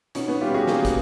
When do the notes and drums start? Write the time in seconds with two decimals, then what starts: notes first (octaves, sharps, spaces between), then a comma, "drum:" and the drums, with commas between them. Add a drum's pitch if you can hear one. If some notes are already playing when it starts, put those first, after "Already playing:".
0.15 B2 C#4 D#4, drum: hi-hat
0.28 B3 C#4
0.41 G3 F4 G4
0.54 F#4 G#4
0.68 A#3, drum: snare
0.85 drum: kick, hi-hat